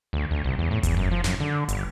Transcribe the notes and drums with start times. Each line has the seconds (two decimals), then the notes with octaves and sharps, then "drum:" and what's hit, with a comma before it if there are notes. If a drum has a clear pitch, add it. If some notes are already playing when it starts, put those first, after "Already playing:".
0.13 D2
0.31 D2
0.44 C2
0.59 E2
0.71 A2
0.83 E2, drum: kick F#1, hi-hat
0.97 F#2
1.11 F3
1.24 F#2, drum: snare
1.40 D3
1.69 G1, drum: hi-hat